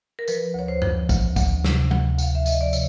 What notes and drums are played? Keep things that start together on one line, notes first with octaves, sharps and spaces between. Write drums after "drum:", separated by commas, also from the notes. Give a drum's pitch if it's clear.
A#4
F3 B4, drum: tambourine
D2 C#5
C5
F3, drum: tom F#2
D2, drum: kick, tambourine
D2, drum: kick, tambourine
C3, drum: snare
D2, drum: tom
D2 F5, drum: tambourine
E5
F3 D#5, drum: tambourine
D5
C3 C#5, drum: tambourine